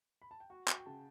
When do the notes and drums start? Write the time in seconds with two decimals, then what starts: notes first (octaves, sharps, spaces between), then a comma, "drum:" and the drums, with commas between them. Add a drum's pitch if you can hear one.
0.22 B5
0.31 A5
0.40 G5
0.50 F#4 F#5
0.68 F#4 G5, drum: clap
0.78 G5
0.86 C#3 A5